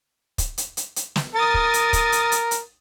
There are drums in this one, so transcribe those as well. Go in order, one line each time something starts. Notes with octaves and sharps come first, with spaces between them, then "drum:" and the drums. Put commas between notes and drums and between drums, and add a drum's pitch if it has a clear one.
drum: kick, hi-hat
drum: hi-hat
drum: hi-hat
drum: hi-hat
drum: snare
A#4 D#6 A6
drum: kick
drum: hi-hat
drum: kick, hi-hat
drum: hi-hat
drum: hi-hat
drum: hi-hat